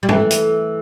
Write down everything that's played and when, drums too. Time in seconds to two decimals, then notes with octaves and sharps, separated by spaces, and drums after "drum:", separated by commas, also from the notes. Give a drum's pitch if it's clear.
0.03 G3
0.09 E3 A3, drum: tom
0.31 drum: hi-hat